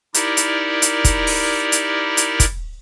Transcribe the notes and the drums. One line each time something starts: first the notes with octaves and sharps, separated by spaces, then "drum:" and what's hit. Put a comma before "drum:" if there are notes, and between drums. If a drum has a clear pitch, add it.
D#4 E4 G4 A#4 D5, drum: hi-hat
drum: hi-hat
drum: hi-hat
drum: kick, hi-hat
drum: open hi-hat
drum: hi-hat
drum: hi-hat
drum: kick, hi-hat